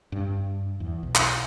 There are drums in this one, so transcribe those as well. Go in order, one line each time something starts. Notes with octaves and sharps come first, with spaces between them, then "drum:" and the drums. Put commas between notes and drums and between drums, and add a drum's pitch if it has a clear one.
G2
E2
B1
drum: clap